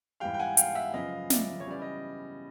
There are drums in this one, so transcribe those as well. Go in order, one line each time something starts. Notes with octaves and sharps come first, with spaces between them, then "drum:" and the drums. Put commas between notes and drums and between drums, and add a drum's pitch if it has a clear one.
G#2 E3 G3 F5 G5
G5
F#5 G#5
F5 G5, drum: hi-hat
E5 F#5
F#2 C#3 F3 G#3 B3 D#5 F5
D5 E5, drum: snare
C#5
C#3 E3 G3 B3 D5
D#5